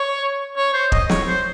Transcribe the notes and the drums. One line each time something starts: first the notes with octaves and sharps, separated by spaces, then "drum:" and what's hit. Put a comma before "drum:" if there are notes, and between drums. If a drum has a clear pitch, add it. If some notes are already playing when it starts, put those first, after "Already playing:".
Already playing: C#5
C#5
C5
D#5, drum: kick
C#5, drum: snare
C5